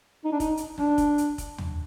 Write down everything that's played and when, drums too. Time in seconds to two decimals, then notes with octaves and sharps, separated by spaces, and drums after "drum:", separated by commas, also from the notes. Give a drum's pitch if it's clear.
0.24 D#4
0.32 D4
0.40 D#4, drum: kick, hi-hat
0.57 drum: hi-hat
0.78 D4, drum: snare
0.98 drum: kick, hi-hat
1.18 drum: hi-hat
1.38 drum: kick, hi-hat
1.58 drum: tom